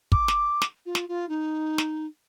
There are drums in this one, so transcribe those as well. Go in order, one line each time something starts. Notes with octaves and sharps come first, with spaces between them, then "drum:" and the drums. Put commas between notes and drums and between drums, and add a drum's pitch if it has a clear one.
D6, drum: kick
drum: snare
drum: snare
F4
drum: snare
F4
D#4
drum: snare